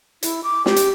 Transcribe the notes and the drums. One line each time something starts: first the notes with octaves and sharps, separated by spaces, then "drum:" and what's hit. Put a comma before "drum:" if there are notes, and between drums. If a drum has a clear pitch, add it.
E4, drum: hi-hat
D6
G4, drum: snare
drum: hi-hat